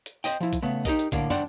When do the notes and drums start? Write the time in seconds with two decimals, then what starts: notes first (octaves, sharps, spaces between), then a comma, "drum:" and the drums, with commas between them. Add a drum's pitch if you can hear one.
0.06 drum: hi-hat
0.24 C5 D#5 G5, drum: hi-hat
0.40 F3 E4
0.53 drum: kick A#1, hi-hat
0.63 C#3 A3 B3
0.85 D#4 G4 A4 A#4 D#5, drum: kick A#1, hi-hat
0.99 drum: hi-hat
1.12 A2 D3 A#3 D4, drum: kick A#1, hi-hat
1.30 D4 C5 F#5 G5 A5, drum: tom